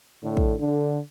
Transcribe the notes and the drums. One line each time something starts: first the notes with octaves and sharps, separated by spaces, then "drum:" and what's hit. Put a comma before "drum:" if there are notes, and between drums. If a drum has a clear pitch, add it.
A2 D3
drum: kick
D3